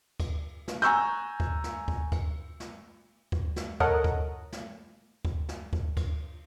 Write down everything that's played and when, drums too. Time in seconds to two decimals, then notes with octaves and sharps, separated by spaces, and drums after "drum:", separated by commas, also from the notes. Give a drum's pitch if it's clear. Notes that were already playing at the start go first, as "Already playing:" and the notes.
0.20 drum: kick D2, cymbal
0.68 drum: snare
0.82 G#5 A#5 C#6 E6 F#6 G6
1.40 drum: kick D2
1.64 drum: snare
1.88 drum: kick D2
2.12 drum: kick D2, cymbal
2.60 drum: snare
3.32 drum: kick D2
3.56 drum: snare
3.80 A4 A#4 C#5 D#5 F#5, drum: kick D2
4.04 drum: kick D2
4.52 drum: snare
5.25 drum: kick D2
5.49 drum: snare
5.73 drum: kick D2
5.97 drum: kick D2, cymbal